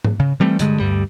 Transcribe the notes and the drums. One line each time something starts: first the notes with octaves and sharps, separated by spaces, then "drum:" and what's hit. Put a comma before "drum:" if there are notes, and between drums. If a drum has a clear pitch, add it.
drum: tom G#2
C#3
E3 G3 A3 C4
G2 D3 G#3, drum: hi-hat
D2 G2 G3